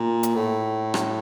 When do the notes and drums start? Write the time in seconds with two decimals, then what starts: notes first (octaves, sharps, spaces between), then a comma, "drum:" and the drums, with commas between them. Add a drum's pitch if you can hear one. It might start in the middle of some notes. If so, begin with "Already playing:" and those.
Already playing: A#2
0.23 drum: hi-hat
0.35 A2
0.94 drum: rim click